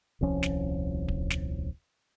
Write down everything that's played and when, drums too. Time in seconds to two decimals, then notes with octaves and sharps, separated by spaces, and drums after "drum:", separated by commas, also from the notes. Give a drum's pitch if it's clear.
0.21 D#1 C2 F3 C#4
0.43 drum: snare
1.08 drum: kick D1
1.30 drum: snare